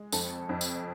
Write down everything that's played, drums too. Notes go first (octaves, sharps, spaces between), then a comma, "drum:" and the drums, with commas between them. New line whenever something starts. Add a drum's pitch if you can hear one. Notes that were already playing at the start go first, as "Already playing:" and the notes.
Already playing: G#3
F2 A4, drum: tambourine
F2
drum: tambourine